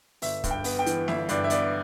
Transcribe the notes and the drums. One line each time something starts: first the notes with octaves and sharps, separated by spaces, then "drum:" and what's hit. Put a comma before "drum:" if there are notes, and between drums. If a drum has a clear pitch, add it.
G1 E5, drum: open hi-hat
G2, drum: kick, hi-hat
G5
B3, drum: open hi-hat
G5
E3, drum: hi-hat
G1 E5, drum: snare
G2 D5, drum: hi-hat
E5
B3 D5, drum: hi-hat